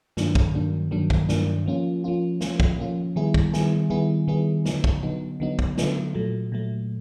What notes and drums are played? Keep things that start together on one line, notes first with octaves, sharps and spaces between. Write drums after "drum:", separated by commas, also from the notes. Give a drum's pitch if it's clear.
G2 D#3 F#3 A#3 D4, drum: snare
drum: kick
G2 D#3 F#3 A#3 D4
G2 D#3 F#3 A#3 D4
drum: kick
G2 D#3 F#3 A#3 D4, drum: snare
F3 A#3 C#4 F4
F3 A#3 C#4 F4
F3 A#3 C#4 F4, drum: snare
drum: kick
F3 A#3 C#4 F4
D#3 G3 B3 E4 G#4
drum: kick
D#3 G3 B3 E4 G#4, drum: snare
D#3 G3 B3 E4 G#4
D#3 G3 B3 E4 G#4
D3 F#3 B3 D#4, drum: snare
drum: kick
D3 F#3 B3 D#4
D3 F#3 B3 D#4
drum: kick
D3 F#3 B3 D#4, drum: snare
A#2 F#3 A3
A#2 F#3 A3